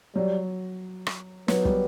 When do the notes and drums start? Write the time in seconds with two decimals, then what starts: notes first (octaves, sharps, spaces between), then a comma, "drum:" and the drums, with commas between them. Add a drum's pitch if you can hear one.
0.16 F#3 G3
1.06 drum: rim click
1.48 F#3 B3, drum: snare
1.65 G3, drum: kick